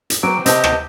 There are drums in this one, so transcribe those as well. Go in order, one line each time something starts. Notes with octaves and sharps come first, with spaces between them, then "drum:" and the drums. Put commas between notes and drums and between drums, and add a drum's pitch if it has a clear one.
drum: hi-hat
F#3 B3 C4 D6
C3 B3 C4 G4 D#5 A5, drum: hi-hat
drum: rim click